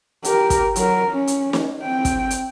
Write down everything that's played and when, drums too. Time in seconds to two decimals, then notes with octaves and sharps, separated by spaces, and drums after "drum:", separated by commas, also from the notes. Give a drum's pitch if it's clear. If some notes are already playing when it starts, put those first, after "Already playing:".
0.24 G4 A#4, drum: hi-hat
0.50 drum: kick, hi-hat
0.76 F#3 A#4, drum: hi-hat
1.11 C#4
1.27 drum: hi-hat
1.53 drum: snare
1.83 C4 G5
2.05 drum: kick, hi-hat
2.31 drum: hi-hat